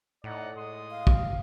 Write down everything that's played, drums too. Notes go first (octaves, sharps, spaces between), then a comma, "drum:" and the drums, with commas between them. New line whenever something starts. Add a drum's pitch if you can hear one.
A2 D#4 D5 F#5
G#3 C6 D#6
F5
drum: kick